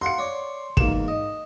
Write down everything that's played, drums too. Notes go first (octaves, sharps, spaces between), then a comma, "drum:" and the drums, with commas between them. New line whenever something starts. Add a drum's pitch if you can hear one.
F5 F#5 A#5 C6 C#7
C#5 D5
E2 G#2 A#3 E7, drum: kick
D#5